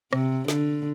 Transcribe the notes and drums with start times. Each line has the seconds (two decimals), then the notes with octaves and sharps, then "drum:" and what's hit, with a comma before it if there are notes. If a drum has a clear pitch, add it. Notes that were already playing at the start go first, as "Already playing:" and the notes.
0.13 C3, drum: rim click
0.48 D3, drum: snare